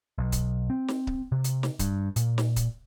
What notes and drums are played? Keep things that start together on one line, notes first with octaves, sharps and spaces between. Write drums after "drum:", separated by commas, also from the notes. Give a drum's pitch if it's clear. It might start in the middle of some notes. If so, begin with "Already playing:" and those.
B1
drum: kick C#1, hi-hat
C4
drum: snare
drum: kick C#1
C3
drum: hi-hat
drum: snare
G2, drum: kick C#1, hi-hat
A#2, drum: hi-hat
drum: snare
drum: kick C#1, hi-hat